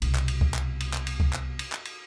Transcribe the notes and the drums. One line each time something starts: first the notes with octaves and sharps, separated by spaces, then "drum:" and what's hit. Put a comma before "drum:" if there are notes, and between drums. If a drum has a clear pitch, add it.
C2 B2, drum: cymbal
drum: clap
drum: cymbal
drum: kick C#2
drum: clap
drum: cymbal
drum: clap
drum: cymbal
drum: kick C#2
drum: clap
drum: cymbal
drum: clap
drum: cymbal